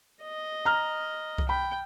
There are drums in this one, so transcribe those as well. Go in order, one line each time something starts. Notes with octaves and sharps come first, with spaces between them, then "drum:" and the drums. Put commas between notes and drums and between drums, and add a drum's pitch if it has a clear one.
D#5
A#5 F6
drum: kick C2
G5 B5